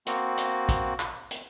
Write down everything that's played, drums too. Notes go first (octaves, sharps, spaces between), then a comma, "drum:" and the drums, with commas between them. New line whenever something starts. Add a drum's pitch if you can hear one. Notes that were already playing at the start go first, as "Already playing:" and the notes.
A#3 C4 F#4, drum: hi-hat
drum: hi-hat
drum: kick, hi-hat
drum: clap
drum: hi-hat